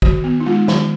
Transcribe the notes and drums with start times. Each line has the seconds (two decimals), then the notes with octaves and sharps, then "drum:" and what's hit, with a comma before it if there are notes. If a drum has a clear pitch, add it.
0.02 D#3 F#4, drum: kick
0.24 B3
0.40 D#4
0.46 G#3 F4
0.68 D#3, drum: snare